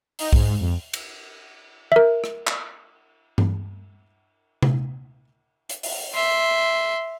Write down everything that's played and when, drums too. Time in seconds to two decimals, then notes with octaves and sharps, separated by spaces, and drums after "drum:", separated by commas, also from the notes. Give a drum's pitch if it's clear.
0.19 D#4, drum: open hi-hat
0.33 G#2, drum: kick B1
0.60 F2
0.93 drum: cymbal
1.92 A#4 E5
2.24 drum: rim click
2.47 drum: clap
3.38 drum: tom G2
4.62 drum: tom C3
5.70 drum: hi-hat
5.83 drum: open hi-hat
6.14 E5 C6